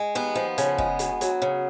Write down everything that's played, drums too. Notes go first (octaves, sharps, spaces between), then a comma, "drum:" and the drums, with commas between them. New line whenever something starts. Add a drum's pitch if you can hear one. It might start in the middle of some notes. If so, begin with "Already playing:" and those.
Already playing: G#3
D#2 B3
F3
C#3, drum: hi-hat
G#3, drum: kick
D2, drum: hi-hat
F#3, drum: hi-hat
C#3